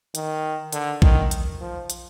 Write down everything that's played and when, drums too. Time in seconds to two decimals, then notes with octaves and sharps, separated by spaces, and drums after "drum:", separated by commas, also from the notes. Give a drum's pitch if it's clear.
0.15 D#3, drum: hi-hat
0.73 D3, drum: hi-hat
1.02 D#3, drum: kick A#1
1.31 drum: hi-hat
1.60 F3
1.90 drum: hi-hat